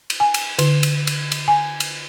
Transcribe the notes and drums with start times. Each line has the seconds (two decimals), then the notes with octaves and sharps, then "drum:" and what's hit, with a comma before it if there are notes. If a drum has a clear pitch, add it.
0.10 drum: cymbal
0.20 G#5
0.34 drum: cymbal
0.59 D3, drum: cymbal
0.83 drum: cymbal
1.07 drum: cymbal
1.32 drum: cymbal
1.48 G#5
1.80 drum: cymbal